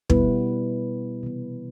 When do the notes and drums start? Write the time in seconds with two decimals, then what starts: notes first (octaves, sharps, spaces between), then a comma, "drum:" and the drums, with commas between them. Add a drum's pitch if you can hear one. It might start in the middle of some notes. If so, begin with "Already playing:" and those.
0.10 B2 G3 B3 E4 B4, drum: kick
1.23 C3 E3 B3